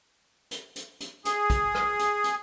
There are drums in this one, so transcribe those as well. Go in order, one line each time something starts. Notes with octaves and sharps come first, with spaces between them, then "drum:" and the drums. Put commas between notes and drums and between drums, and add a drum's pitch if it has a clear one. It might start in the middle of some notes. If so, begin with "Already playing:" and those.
drum: hi-hat
drum: hi-hat
drum: hi-hat
G#4, drum: hi-hat
drum: kick, hi-hat
drum: rim click
drum: hi-hat
drum: hi-hat